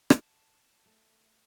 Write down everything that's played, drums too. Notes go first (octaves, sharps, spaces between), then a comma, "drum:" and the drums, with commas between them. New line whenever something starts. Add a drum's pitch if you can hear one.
A5, drum: rim click
A3